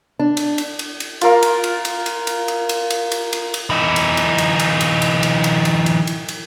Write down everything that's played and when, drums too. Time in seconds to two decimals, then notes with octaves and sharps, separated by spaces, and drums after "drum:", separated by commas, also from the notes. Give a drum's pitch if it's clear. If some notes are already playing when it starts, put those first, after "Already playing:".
0.19 D4
0.37 drum: cymbal
0.58 drum: cymbal
0.79 drum: cymbal
1.00 drum: cymbal
1.21 F4 A#4 F5, drum: cymbal
1.42 drum: cymbal
1.64 drum: cymbal
1.85 drum: cymbal
2.06 drum: cymbal
2.27 drum: cymbal
2.48 drum: cymbal
2.69 drum: cymbal
2.90 drum: cymbal
3.12 drum: cymbal
3.33 drum: cymbal
3.54 drum: cymbal
3.70 E3 D#4
3.96 drum: cymbal
4.17 drum: cymbal
4.38 drum: cymbal
4.59 drum: cymbal
4.81 drum: cymbal
5.02 drum: cymbal
5.23 drum: cymbal
5.44 drum: cymbal
5.65 drum: cymbal
5.86 drum: cymbal
6.07 drum: cymbal
6.28 drum: cymbal